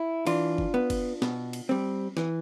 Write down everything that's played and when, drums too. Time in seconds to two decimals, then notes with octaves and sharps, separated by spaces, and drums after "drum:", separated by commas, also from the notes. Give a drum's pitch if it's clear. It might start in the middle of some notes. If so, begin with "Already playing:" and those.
Already playing: E4
0.27 E3 D4 F4, drum: cymbal
0.58 drum: kick F#1
0.74 B3
0.90 drum: kick F#1, cymbal
1.22 B2, drum: snare
1.53 drum: cymbal
1.69 G3 C4
2.17 E3, drum: snare